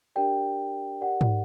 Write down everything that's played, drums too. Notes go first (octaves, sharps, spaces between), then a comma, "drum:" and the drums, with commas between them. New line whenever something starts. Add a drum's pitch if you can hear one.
D4 G4 A#4 D5 G5
G4 A#4 D5 F#5
drum: tom G#2